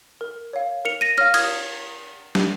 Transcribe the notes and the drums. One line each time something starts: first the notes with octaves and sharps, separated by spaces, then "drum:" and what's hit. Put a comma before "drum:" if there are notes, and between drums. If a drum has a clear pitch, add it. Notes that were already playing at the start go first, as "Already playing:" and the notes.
A#4
C#5 F5
A#4 C#7 F7
A#6 D#7
C#5 F5 F6 A#6
D#6 G#6, drum: cymbal
drum: snare